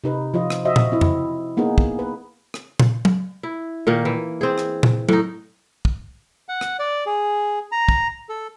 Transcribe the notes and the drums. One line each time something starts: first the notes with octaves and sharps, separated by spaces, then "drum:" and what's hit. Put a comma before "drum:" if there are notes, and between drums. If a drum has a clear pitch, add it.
C3 D#4 B4
F3 F4 D#5
drum: rim click
F#4 C5 D#5 E5
drum: tom A#2
C4 E4
drum: tom F2
A#3 B3 D#4 G#4
drum: kick
B4
drum: rim click
drum: tom A#2
drum: tom F#3
E4
A#2 D#3 A#3
E3
C4 G#4
drum: rim click
drum: tom A#2
A2 D#4, drum: tom F#3
drum: kick
F#5
drum: rim click
D5
G#4
A#5
drum: kick
A4